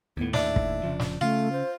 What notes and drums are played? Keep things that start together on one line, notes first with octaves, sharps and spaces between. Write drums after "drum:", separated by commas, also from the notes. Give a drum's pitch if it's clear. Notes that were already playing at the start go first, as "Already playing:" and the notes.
D#2 A2 B3
D4 E5, drum: snare
drum: kick
F1 C#3 F3
drum: snare
C#3 A3 C#4 F4
C5